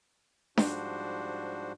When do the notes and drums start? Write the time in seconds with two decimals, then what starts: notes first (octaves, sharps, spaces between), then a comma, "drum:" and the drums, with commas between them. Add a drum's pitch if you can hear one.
0.57 G#2 F3 G3 D4 F#4 C5, drum: snare D4